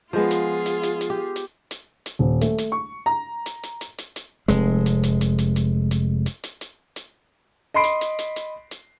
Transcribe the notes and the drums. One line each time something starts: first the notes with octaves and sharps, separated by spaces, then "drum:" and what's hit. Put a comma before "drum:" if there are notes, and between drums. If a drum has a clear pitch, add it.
F3 G#3 B3 F4 G#4
drum: hi-hat
drum: hi-hat
drum: hi-hat
drum: hi-hat
G4
drum: hi-hat
drum: hi-hat
drum: hi-hat
D#1
A3, drum: hi-hat
drum: hi-hat
C#6
A#5
drum: hi-hat
drum: hi-hat
drum: hi-hat
drum: hi-hat
drum: hi-hat
F1 G#3, drum: hi-hat
drum: hi-hat
drum: hi-hat
drum: hi-hat
drum: hi-hat
drum: hi-hat
drum: hi-hat
drum: hi-hat
drum: hi-hat
drum: hi-hat
drum: hi-hat
D#5 B5 C6 C7 D7
drum: hi-hat
drum: hi-hat
drum: hi-hat
drum: hi-hat
drum: hi-hat